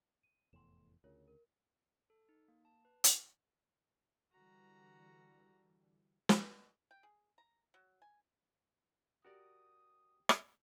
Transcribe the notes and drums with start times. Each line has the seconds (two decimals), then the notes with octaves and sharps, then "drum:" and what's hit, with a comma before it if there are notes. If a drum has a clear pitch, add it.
0.23 D#7
0.53 F1 E2 A2 C6 E7
1.04 D2 C#3 F4 A#4 C#5
1.28 A#4
2.10 A4
2.29 D#4
2.48 A#3
2.65 A5
2.85 B4
3.04 F4, drum: hi-hat
4.32 D3 E3 G3 F#4 A#5
6.29 drum: snare
6.91 G5
7.03 G#4
7.38 A#5
7.74 F#3
8.02 G#5
9.25 F#4 G4 A#4 D5 D#6
10.29 drum: rim click